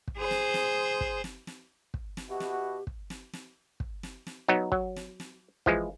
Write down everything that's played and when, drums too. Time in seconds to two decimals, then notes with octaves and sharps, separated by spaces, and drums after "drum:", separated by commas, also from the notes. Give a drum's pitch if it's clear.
0.08 drum: kick
0.18 G#4 C5
0.31 drum: snare
0.54 drum: snare
1.01 drum: kick
1.24 drum: snare
1.47 drum: snare
1.94 drum: kick
2.17 drum: snare
2.29 B2 E4 F#4 G4
2.40 drum: snare
2.87 drum: kick
3.10 drum: snare
3.33 drum: snare
3.80 drum: kick
4.03 drum: snare
4.27 drum: snare
4.48 F#3 B3 D#4
4.72 F#3, drum: kick
4.96 drum: snare
5.20 drum: snare
5.66 E3 F3 G#3, drum: kick